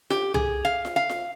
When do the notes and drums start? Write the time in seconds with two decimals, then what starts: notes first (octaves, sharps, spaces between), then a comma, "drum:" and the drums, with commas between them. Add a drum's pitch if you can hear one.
0.10 G4, drum: snare F4
0.34 G#4, drum: tom C2
0.65 F5
0.85 drum: snare F4
0.96 F5
1.09 drum: snare F4